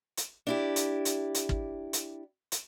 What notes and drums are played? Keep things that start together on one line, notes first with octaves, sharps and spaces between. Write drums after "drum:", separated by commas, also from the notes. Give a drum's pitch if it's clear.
drum: hi-hat
D4 E4 G4
drum: hi-hat
drum: hi-hat
drum: hi-hat
drum: kick
drum: hi-hat
drum: hi-hat